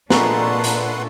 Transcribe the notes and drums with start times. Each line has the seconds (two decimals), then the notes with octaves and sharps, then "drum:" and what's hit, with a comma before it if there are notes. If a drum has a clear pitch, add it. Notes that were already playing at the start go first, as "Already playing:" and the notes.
0.10 A#2 G#3 A3 D4 B4 F#5 A#5 C6, drum: snare
0.64 drum: hi-hat